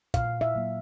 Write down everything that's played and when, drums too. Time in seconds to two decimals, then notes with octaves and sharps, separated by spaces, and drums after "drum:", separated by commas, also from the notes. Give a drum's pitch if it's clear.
0.14 A#2 F5, drum: kick, hi-hat
0.41 E5
0.55 F#3 A#3